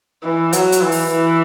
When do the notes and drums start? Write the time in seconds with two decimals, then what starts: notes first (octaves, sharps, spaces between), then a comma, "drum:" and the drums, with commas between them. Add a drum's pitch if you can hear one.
0.24 E3
0.53 F#3, drum: hi-hat
0.72 drum: hi-hat
0.82 E3
0.92 drum: open hi-hat
1.11 E3